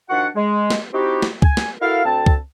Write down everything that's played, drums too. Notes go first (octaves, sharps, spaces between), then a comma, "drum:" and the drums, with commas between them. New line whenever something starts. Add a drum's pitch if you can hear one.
D#3 F3 D4 F#4 F#5
G#3
drum: snare
C4 D#4 E4 F#4 G4
drum: snare
G#5, drum: kick C#2
drum: snare
E4 F#4 A4 A#4 F5
D2 C4 A5
drum: kick C#2